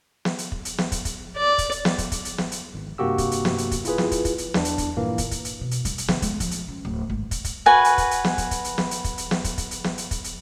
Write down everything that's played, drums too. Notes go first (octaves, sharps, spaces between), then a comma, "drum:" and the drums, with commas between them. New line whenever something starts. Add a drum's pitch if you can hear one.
drum: snare
drum: hi-hat
drum: kick
drum: hi-hat
drum: snare
drum: kick, hi-hat
drum: kick, hi-hat
D5
drum: kick, hi-hat
drum: hi-hat
drum: snare
drum: kick, hi-hat
drum: kick, hi-hat
drum: hi-hat
drum: snare
drum: hi-hat
G#1
G2 C3 A#3 F#4 G4 E6
drum: kick, hi-hat
drum: hi-hat
drum: snare
drum: hi-hat
drum: kick, hi-hat
E4 F4 G#4 B4, drum: hi-hat
drum: snare
drum: kick, hi-hat
drum: kick, hi-hat
drum: hi-hat
E2 D4, drum: snare
drum: hi-hat
drum: kick, hi-hat
G2 A#2 E3 A#3
drum: kick, hi-hat
drum: kick, hi-hat
drum: hi-hat
B2
drum: hi-hat
G3, drum: kick, hi-hat
drum: hi-hat
D3, drum: snare
G#3, drum: kick, hi-hat
F3, drum: kick, hi-hat
drum: hi-hat
C#3
D1
G#1
drum: kick, hi-hat
drum: kick, hi-hat
F#4 B4 G#5
drum: hi-hat
drum: kick, hi-hat
drum: hi-hat
drum: snare
drum: kick, hi-hat
drum: kick, hi-hat
drum: hi-hat
drum: snare
drum: hi-hat
drum: kick, hi-hat
drum: hi-hat
drum: snare
drum: kick, hi-hat
drum: kick, hi-hat
drum: hi-hat
drum: snare
drum: hi-hat
drum: kick, hi-hat
drum: hi-hat